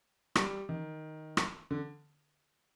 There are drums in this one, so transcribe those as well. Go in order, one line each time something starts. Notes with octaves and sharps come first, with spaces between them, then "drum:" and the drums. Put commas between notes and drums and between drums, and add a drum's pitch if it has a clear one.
G3, drum: rim click
D#3
drum: rim click
D3